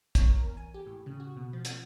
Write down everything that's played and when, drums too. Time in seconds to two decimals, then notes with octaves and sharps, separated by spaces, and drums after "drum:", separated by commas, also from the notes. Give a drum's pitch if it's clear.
0.15 C#5, drum: kick, hi-hat
0.30 A#4
0.44 E2
0.57 G#5
0.74 G4
0.86 A2
1.06 C#3
1.20 F#4
1.37 B2
1.53 F3
1.65 drum: hi-hat